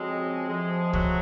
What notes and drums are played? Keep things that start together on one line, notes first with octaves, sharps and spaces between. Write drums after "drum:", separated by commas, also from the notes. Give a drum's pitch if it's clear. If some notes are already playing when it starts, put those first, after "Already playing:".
Already playing: F2 C#3 F3 G#3 C4 F#4
F2 C3 F3 G#3
F#3, drum: kick